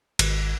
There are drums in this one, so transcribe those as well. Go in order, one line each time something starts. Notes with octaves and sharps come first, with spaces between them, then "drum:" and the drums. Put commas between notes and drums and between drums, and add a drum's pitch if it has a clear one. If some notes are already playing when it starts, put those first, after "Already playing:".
G#1, drum: cymbal